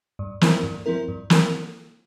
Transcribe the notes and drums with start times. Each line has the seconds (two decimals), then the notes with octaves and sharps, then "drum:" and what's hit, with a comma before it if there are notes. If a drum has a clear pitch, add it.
0.19 G2
0.41 F3 C4 E4 A#4, drum: snare
0.63 G2
0.86 F3 C4 E4 A#4
1.08 G2
1.30 F3 C4 E4 A#4, drum: snare